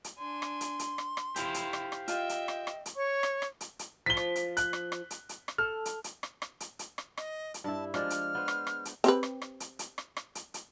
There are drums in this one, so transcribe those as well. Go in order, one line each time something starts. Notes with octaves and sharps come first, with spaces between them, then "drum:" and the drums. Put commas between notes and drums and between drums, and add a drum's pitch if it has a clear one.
drum: hi-hat
D4 G#5 C6
drum: rim click
drum: hi-hat
drum: hi-hat
drum: rim click
drum: rim click
E4 G4 C5 F5, drum: hi-hat
drum: hi-hat
drum: rim click
drum: rim click
F4 D#5 E5 G5, drum: hi-hat
drum: hi-hat
drum: rim click
drum: rim click
drum: hi-hat
C#5 C#6
drum: rim click
drum: rim click
drum: hi-hat
drum: hi-hat
F3 F4 B6 G7
drum: rim click
drum: hi-hat
F#6, drum: hi-hat
drum: rim click
drum: rim click
drum: hi-hat
drum: hi-hat
drum: rim click
A4 F6
drum: hi-hat
drum: hi-hat
drum: rim click
drum: rim click
drum: hi-hat
drum: hi-hat
drum: rim click
D#5, drum: rim click
drum: hi-hat
G2 E4 A5
F3 G#3 D4 F6, drum: rim click
drum: hi-hat
B3 C5
drum: rim click
drum: rim click
drum: hi-hat
C4 G4 B4, drum: hi-hat
drum: rim click
drum: rim click
drum: hi-hat
drum: hi-hat
drum: rim click
drum: rim click
drum: hi-hat
drum: hi-hat